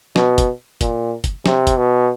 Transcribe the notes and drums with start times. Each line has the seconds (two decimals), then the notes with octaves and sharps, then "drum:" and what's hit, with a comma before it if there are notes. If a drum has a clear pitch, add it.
0.16 B2, drum: snare
0.38 drum: kick, hi-hat
0.81 A#2, drum: kick, hi-hat
1.24 drum: kick, hi-hat
1.46 C3, drum: snare
1.67 drum: kick, hi-hat
1.77 B2